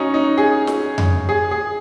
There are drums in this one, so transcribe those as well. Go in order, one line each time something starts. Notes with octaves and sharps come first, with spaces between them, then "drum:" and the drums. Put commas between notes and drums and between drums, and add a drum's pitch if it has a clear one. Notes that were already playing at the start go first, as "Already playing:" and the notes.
Already playing: C#4 D#4 F#4
D#4
G#4
drum: snare
drum: tom F2
G#4
G#4